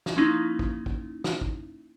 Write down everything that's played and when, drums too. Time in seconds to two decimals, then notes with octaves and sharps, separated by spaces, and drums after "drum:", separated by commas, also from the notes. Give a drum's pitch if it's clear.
0.06 drum: snare
0.16 F3 A#3 C#4 D#4 E4
0.59 drum: kick
0.86 drum: kick
1.24 drum: snare
1.41 drum: kick